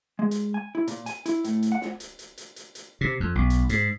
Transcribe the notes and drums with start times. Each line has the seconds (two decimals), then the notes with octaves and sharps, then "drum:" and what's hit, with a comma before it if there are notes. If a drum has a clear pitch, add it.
0.19 G#3
0.31 drum: hi-hat
0.54 G#5
0.75 E4
0.87 A#2, drum: hi-hat
1.06 G#5, drum: hi-hat
1.26 E4, drum: hi-hat
1.44 A2, drum: hi-hat
1.62 drum: hi-hat
1.72 F#5
1.81 drum: snare
2.00 drum: hi-hat
2.19 drum: hi-hat
2.38 drum: hi-hat
2.56 drum: hi-hat
2.75 drum: hi-hat
3.01 C3
3.20 F2
3.35 B1
3.50 drum: hi-hat
3.69 G#2, drum: hi-hat